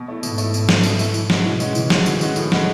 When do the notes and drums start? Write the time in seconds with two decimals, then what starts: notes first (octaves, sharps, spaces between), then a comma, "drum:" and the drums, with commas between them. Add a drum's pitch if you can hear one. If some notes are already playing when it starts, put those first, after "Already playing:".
Already playing: B2
0.08 A3 E4
0.23 G#2 B2, drum: tambourine
0.38 A3, drum: tambourine
0.43 E4
0.54 B2, drum: tambourine
0.69 A3 E4, drum: snare
0.83 B2, drum: tambourine
0.99 A3 E4, drum: tambourine
1.14 E3, drum: tambourine
1.30 G#3 C#4 F#4, drum: snare
1.44 B2 E3
1.60 G#3 C#4 F#4, drum: tambourine
1.75 C#3 E3, drum: tambourine
1.90 G#3 C#4 F#4, drum: snare
2.06 D#3 E3, drum: tambourine
2.21 G#3 C#4 F#4, drum: tambourine
2.36 A2 D#3, drum: tambourine
2.52 G#3 C#4 F#4, drum: snare